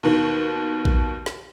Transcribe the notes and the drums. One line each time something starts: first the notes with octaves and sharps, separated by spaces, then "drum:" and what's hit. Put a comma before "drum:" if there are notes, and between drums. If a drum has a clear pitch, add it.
D#2 B2 D#3
drum: kick A#1
drum: snare